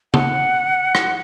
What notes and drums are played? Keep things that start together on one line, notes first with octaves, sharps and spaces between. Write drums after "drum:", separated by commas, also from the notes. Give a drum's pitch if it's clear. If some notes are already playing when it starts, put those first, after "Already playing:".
F#5, drum: tom C#3
drum: rim click